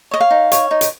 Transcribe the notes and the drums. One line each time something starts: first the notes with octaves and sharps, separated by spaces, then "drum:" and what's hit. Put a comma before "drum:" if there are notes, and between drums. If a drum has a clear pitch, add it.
C#5 D#5
F5
D#4
C#5, drum: hi-hat
D#4
drum: hi-hat